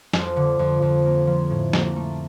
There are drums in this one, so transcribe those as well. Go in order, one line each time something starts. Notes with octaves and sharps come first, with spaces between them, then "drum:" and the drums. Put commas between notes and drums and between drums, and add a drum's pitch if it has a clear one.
F2, drum: snare
D3
F2
F2
A#3
F3
A2
A#3, drum: snare
A3